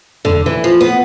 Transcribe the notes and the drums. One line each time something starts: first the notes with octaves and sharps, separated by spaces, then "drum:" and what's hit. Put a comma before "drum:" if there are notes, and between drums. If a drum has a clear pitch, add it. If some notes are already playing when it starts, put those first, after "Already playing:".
D3, drum: tom E2
E3
F3
B3